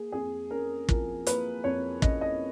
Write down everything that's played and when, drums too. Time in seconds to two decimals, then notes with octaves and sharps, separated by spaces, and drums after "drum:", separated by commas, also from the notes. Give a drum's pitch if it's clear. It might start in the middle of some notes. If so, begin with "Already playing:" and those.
Already playing: A#3 G#4
0.12 F2 G#4
0.51 C#4 A#4
0.89 F3 A#4, drum: kick
1.27 A#3 B4, drum: hi-hat
1.64 F2 C#5
2.02 C#4 D#5, drum: kick
2.21 D#5